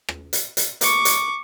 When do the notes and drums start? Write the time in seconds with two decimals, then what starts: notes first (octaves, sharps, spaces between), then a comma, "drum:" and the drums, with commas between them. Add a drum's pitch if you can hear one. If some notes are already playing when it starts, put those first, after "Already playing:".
0.09 drum: rim click
0.33 drum: hi-hat
0.57 drum: hi-hat
0.81 C#6 D6, drum: hi-hat
1.05 drum: hi-hat